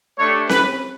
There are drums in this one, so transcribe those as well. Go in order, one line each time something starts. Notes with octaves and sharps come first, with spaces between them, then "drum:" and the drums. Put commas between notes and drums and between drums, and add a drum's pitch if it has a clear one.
A3 D4 G4 C#5
B4, drum: snare C4